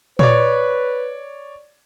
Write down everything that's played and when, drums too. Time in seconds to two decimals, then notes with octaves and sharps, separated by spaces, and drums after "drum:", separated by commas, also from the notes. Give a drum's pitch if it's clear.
0.19 B4 C#5 D5, drum: tom A#2